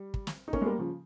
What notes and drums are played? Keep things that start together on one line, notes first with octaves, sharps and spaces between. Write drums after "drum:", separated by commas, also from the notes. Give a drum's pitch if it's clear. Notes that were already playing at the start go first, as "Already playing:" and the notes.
Already playing: G3
drum: kick
drum: snare
D#4
A#3 C#4, drum: kick
G#3
G3 A#3
C#3 F3